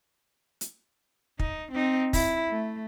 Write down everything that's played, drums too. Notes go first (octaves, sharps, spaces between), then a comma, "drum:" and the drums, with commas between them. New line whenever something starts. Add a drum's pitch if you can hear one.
drum: hi-hat
D#4, drum: kick
C4 D#4
E4, drum: kick, open hi-hat
A3